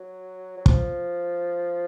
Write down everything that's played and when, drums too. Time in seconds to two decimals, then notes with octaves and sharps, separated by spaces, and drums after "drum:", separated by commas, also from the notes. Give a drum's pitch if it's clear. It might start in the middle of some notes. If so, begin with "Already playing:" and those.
Already playing: F#3
0.57 F#3
0.66 F3, drum: kick